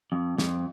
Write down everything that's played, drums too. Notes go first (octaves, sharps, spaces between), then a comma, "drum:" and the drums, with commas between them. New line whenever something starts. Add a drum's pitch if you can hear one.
F2
F2, drum: snare